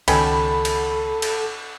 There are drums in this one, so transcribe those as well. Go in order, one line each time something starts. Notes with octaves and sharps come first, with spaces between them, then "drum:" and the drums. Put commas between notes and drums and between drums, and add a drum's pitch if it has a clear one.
C#2 B2 D#3 C#4 A4 G5 B5, drum: cymbal
drum: cymbal
drum: cymbal